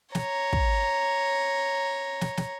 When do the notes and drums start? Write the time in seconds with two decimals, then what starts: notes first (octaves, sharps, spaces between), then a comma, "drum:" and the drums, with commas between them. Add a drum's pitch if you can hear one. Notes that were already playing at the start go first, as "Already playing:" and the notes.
0.15 C#5 A#5, drum: snare
0.53 drum: kick
2.21 drum: snare
2.37 drum: snare